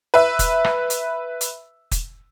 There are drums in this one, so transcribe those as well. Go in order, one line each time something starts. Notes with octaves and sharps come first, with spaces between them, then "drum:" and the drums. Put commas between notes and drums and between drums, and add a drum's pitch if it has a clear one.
B4 E5
drum: kick, hi-hat
drum: rim click
drum: hi-hat
drum: hi-hat
drum: kick, hi-hat